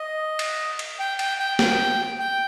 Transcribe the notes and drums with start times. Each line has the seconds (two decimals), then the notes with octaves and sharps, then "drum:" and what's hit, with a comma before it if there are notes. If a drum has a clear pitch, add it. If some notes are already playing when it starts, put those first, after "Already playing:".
Already playing: D#5
0.39 drum: cymbal
0.79 drum: cymbal
0.99 G5
1.19 G5, drum: cymbal
1.39 G5
1.59 G5, drum: snare
2.19 G5